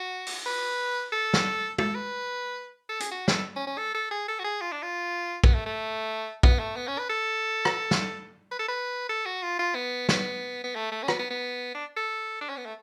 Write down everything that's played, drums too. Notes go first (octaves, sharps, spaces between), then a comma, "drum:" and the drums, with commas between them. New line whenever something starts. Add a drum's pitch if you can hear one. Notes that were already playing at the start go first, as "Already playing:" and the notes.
Already playing: F#4
drum: open hi-hat
B4
A4
drum: snare
A4, drum: tom
B4
A4
G#4, drum: hi-hat
F#4
A4, drum: snare
C#4
C#4
A4
A4
G#4
A4
F#4
G#4
F4
D4
F4
B3, drum: kick
A3
A3
B3, drum: kick
A3
B3
C#4
B4
A4
drum: rim click
drum: snare
B4
A4
B4
A4
F#4
F4
F4
B3
B3, drum: snare
B3
A3
A3
C#4
B3, drum: rim click
B3
B3
D4
A4
D4
C#4
B3
A3